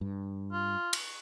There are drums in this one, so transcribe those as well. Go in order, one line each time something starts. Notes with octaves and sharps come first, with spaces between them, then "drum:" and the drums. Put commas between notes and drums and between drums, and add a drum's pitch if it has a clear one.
G2
F4
drum: cymbal